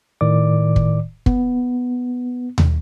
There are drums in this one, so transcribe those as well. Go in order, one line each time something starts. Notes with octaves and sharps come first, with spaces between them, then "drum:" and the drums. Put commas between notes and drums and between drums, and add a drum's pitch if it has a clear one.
A2 D#3 D5 D6
drum: kick
B3, drum: kick
drum: tom D#2